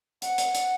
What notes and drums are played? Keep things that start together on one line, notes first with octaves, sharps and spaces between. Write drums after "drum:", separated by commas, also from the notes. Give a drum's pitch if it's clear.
F#5, drum: hi-hat
drum: hi-hat
drum: hi-hat